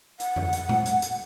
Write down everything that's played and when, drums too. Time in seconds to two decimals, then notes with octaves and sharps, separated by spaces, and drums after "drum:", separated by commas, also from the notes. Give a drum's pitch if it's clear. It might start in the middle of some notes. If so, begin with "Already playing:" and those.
0.20 F#5, drum: hi-hat
0.36 drum: tom F2
0.53 drum: hi-hat
0.69 drum: tom A#2
0.86 drum: hi-hat
1.02 drum: hi-hat